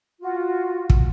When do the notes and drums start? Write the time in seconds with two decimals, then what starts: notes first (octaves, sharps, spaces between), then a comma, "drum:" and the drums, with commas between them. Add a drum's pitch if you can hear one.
0.20 F4 F#4
0.90 drum: kick